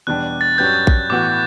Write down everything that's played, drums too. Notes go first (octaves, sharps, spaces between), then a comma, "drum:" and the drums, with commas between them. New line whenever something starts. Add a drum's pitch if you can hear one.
E2 B2 G3 D4 G4 F#6
A6
G2 F#3 C#4 G4 B4 G6
drum: kick A#1
A2 E3 B3 F#4 D6